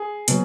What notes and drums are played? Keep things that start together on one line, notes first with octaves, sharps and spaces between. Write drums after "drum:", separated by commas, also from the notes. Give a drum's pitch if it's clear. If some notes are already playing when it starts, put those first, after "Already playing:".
Already playing: G#4
B2 F#3, drum: hi-hat